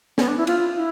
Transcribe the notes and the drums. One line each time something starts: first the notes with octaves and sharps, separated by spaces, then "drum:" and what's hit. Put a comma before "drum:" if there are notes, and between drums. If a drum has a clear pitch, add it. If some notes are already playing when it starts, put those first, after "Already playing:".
B3, drum: snare
D4
E4
F4, drum: cymbal
E4